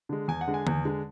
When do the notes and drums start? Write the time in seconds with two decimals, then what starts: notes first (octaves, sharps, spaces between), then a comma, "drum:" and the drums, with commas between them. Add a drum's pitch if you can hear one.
0.09 D3 G#3
0.28 E2 G#5
0.41 F#5
0.48 D3 G#3
0.54 G#5
0.67 E2, drum: tom D3
0.85 D3 G#3